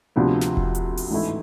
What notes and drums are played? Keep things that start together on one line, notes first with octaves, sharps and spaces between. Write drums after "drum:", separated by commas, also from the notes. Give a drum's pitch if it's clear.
D2 C3 F3 B3 D4
drum: snare
drum: kick E1
drum: hi-hat
drum: open hi-hat
A1 G#2 E3 A3 E4